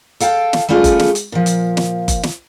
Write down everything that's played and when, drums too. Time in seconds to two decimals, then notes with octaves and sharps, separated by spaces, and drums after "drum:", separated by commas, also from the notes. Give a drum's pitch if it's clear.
0.20 A4 F5 G5 A5, drum: hi-hat
0.53 drum: snare
0.68 G3 A3 C#4 F4 G#4
0.84 drum: kick F#1, hi-hat
0.99 drum: snare
1.15 drum: hi-hat
1.32 A#2 F3
1.46 drum: hi-hat
1.77 drum: snare
2.08 drum: kick F#1, hi-hat
2.23 drum: snare